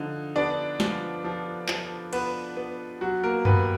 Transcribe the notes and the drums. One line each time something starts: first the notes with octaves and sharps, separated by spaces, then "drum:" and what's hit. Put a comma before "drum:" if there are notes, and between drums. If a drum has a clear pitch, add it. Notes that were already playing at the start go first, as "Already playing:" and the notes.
Already playing: D3 F3 D#4
B3 D4 D5
F3, drum: snare
F3
F3, drum: clap
B3 B4, drum: cymbal
B3
F#3 F#4
A#3 A#4
D#2 B3 B4, drum: tom F#2